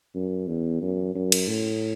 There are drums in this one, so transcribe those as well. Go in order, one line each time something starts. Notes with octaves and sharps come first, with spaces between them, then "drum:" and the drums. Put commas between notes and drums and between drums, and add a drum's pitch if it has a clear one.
F#2
E2
F#2
F#2
drum: cymbal
A2